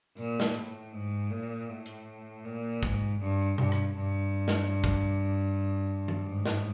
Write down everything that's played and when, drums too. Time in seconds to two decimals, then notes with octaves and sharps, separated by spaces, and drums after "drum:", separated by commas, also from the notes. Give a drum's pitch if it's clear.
0.17 A#2, drum: tambourine
0.40 drum: snare
0.54 A2, drum: hi-hat
0.92 G#2
1.31 A#2
1.68 A2
1.86 drum: hi-hat
2.44 A#2
2.83 G#2, drum: kick
3.20 G2
3.58 G2, drum: tom B2
3.72 drum: rim click
3.96 G2
4.48 drum: snare
4.84 drum: kick
6.08 drum: tom D#3
6.24 G#2
6.46 drum: snare